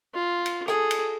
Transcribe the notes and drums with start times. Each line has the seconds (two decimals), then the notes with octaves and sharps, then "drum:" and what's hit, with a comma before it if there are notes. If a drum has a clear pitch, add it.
0.15 F4
0.46 drum: cymbal
0.68 G#4 A4, drum: rim click
0.91 drum: cymbal